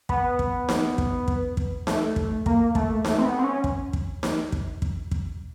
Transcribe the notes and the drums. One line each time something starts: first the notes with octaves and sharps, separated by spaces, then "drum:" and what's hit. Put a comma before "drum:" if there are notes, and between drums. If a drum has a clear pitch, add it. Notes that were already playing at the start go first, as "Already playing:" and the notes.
B3, drum: kick
drum: kick
drum: snare D#4
drum: kick
drum: kick
drum: kick
A3, drum: snare D#4
drum: kick
A#3, drum: kick
A3, drum: kick
A3, drum: snare D#4
C4
B3
C4
C#4
drum: kick
drum: kick
drum: snare D#4
drum: kick
drum: kick
drum: kick